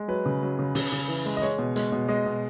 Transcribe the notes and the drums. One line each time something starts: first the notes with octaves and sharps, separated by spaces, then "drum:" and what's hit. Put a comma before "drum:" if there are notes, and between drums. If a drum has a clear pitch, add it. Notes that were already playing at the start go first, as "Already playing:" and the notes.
Already playing: G#3
F#3 B4
C#3
F#3
C#3
C#3, drum: open hi-hat
C#3
E3
G#3
D#5
G#3 C#5
B2
G#3, drum: hi-hat
B2
G#3 D#5
B2